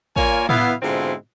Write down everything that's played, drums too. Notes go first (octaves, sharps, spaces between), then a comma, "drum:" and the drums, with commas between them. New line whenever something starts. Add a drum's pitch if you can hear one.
A#3 F4 A#4 C#5 D5 G#5, drum: kick A1
B3 E4 F5, drum: tom A2
G#2 B2 D3 C4 E4 F4